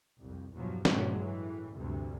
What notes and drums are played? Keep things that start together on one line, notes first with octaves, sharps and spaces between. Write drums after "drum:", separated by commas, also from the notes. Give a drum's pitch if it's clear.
C2 F2
E2 G2 B2 F3 F#3
G2 A#2 C#3 F3 F#3 G#3, drum: snare
A2 E3
D2 G2 C3